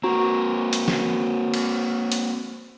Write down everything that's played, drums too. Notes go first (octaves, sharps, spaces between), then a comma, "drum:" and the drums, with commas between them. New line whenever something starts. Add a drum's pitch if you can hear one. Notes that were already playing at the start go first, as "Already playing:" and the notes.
A#3 C4 F#4 A#5
drum: hi-hat
drum: snare
drum: cymbal
drum: hi-hat